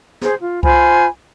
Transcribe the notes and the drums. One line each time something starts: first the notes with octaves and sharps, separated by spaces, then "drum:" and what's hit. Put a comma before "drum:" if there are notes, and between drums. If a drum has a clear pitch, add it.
G#4 C5, drum: snare
F4
F4 C5 G#5 B5, drum: kick C2